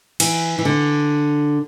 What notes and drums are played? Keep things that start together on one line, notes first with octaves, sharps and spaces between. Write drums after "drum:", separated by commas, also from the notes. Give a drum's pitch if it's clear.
E3, drum: cymbal
E3
D3